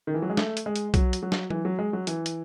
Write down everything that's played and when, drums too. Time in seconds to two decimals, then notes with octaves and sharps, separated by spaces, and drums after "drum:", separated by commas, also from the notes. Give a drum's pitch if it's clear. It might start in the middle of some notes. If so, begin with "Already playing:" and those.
0.07 D#3
0.14 E3
0.22 F#3
0.30 G#3
0.37 A3, drum: snare
0.57 drum: hi-hat
0.66 G#3
0.76 drum: hi-hat
0.94 F#3, drum: kick B1, hi-hat
1.13 drum: hi-hat
1.23 F#3
1.32 drum: snare
1.50 E3, drum: tom F#3
1.65 F#3
1.79 G#3
1.93 F#3
2.07 E3, drum: hi-hat
2.26 drum: hi-hat